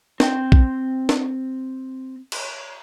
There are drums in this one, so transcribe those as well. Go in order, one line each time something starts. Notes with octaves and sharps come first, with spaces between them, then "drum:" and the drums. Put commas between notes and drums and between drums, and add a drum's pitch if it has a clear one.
C4 G5, drum: snare
drum: kick
drum: snare
drum: cymbal